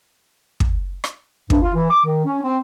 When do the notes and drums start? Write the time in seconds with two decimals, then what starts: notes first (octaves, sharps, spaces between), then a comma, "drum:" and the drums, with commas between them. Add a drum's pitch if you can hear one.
0.60 drum: kick
1.04 drum: rim click
1.50 G2, drum: kick
1.62 F4
1.75 E3
1.90 D6
2.05 D#3
2.25 C#4
2.43 C4